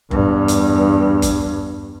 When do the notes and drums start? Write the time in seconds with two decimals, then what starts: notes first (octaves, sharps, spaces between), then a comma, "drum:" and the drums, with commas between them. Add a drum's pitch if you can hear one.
0.11 E2 G2, drum: kick F#1
0.48 drum: hi-hat
1.22 drum: kick F#1, hi-hat